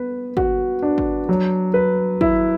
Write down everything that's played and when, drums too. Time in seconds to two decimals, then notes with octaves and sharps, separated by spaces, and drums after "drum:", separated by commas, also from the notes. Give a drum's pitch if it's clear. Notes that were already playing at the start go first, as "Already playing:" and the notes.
Already playing: B3 B4
0.37 F#4, drum: kick G#1
0.82 D4
0.98 drum: kick G#1
1.29 F#3
1.74 B4
2.21 E4, drum: kick G#1